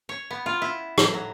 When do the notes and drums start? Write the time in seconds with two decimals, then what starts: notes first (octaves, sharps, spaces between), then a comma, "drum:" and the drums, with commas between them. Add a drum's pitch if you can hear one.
0.09 C#5
0.31 B3
0.46 F4
0.62 E4
0.98 A2, drum: rim click
1.14 F#3